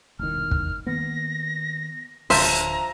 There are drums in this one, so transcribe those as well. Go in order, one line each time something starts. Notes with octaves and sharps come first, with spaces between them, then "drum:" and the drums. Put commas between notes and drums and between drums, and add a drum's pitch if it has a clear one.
E1 C2 D#3 F6
drum: kick
D#3 A#3 B3 A#6
D1 D3 F3 E5 A#5 C6, drum: open hi-hat